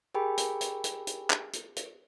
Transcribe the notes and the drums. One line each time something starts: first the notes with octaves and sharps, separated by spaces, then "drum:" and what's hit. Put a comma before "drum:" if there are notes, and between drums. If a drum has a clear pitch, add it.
G4 G#4 A#4 G5 G#5 B5
drum: hi-hat
drum: hi-hat
drum: hi-hat
drum: hi-hat
drum: clap
drum: hi-hat
drum: hi-hat